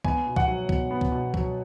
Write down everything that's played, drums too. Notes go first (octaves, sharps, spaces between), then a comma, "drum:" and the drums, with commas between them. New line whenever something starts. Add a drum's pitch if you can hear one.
B3 G#5, drum: kick
B2
F#5, drum: kick
F#3
B2, drum: kick
B3
drum: kick
B2
F#3, drum: kick